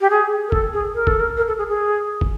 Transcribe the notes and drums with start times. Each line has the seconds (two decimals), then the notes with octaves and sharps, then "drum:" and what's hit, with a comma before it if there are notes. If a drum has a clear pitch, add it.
0.01 G4
0.10 G#4
0.48 A#4
0.52 A4, drum: kick
0.73 G#4
0.95 A#4
1.07 A4, drum: kick
1.20 A#4
1.37 A#4
1.48 A4
1.58 G#4
1.69 G#4
2.21 drum: kick